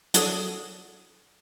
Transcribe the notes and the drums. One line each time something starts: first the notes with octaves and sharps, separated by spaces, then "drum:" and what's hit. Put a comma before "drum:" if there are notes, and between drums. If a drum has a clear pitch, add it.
F#3 D4 G#4 A4 D#6 D#7, drum: hi-hat